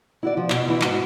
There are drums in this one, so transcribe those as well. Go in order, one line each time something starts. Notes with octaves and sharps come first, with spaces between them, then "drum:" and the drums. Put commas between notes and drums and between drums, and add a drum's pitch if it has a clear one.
E4 F#4 D5
F3
F2 B2, drum: clap
E3 E4
G#2 F#4, drum: clap